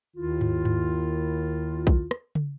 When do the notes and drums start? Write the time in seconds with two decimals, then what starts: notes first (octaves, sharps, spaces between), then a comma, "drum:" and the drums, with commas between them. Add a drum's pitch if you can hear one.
0.17 D#2 D#3 E4 F4
0.41 drum: tom G#2
0.65 drum: tom G#2
1.87 drum: kick B1
2.11 drum: rim click
2.35 drum: tom